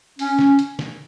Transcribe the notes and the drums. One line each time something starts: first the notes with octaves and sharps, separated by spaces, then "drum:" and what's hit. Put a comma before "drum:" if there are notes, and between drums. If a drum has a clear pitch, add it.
C#4, drum: open hi-hat
drum: snare
drum: hi-hat
drum: snare